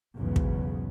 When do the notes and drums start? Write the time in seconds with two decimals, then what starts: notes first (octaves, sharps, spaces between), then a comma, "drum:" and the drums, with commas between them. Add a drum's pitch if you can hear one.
0.17 B1 E2 G#2 C#3 B3
0.36 drum: kick